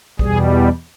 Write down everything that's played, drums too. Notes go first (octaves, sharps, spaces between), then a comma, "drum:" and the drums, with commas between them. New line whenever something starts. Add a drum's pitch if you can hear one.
E2 B2 G3 G#4, drum: kick